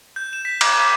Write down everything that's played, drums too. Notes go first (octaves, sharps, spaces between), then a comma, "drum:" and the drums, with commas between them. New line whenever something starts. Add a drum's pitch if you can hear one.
G6
E7
B6
D6, drum: cymbal
D6